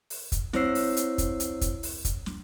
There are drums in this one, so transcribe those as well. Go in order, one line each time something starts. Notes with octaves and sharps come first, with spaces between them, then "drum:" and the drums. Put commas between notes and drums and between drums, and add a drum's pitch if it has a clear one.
drum: open hi-hat
drum: kick, hi-hat
C4 E4 C5 C#5 E6 C7, drum: snare
drum: open hi-hat
drum: hi-hat
drum: kick, hi-hat
drum: hi-hat
drum: kick, hi-hat
drum: open hi-hat
drum: kick, hi-hat
drum: snare